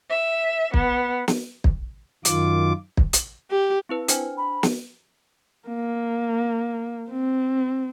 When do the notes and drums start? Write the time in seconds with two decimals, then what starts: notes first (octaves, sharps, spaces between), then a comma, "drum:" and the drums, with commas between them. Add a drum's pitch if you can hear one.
0.10 E5
0.74 B3, drum: kick
1.28 drum: snare
1.64 drum: kick
2.25 F#2 D#3 F4 D6, drum: hi-hat
2.97 drum: kick
3.13 drum: hi-hat
3.51 G4
3.89 C4 E4 B4
4.08 D4 C5 G#5, drum: hi-hat
4.37 B5
4.63 drum: snare
5.68 A#3
7.10 C4